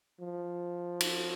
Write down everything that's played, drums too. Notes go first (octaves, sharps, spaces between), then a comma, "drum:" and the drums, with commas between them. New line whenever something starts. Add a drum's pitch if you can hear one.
F3
drum: cymbal